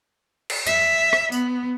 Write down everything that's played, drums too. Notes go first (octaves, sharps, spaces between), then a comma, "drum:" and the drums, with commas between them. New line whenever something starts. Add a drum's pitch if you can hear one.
drum: cymbal
E5, drum: hi-hat
drum: rim click
B3, drum: tambourine